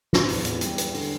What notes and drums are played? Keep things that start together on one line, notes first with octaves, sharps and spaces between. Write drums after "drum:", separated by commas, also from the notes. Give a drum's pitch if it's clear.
B3, drum: snare
E2, drum: open hi-hat
E2, drum: hi-hat
G3, drum: hi-hat
B3, drum: hi-hat
D3, drum: open hi-hat